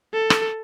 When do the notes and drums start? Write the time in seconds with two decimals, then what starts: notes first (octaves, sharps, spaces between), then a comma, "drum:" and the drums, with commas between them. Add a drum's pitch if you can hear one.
0.13 A4
0.30 drum: rim click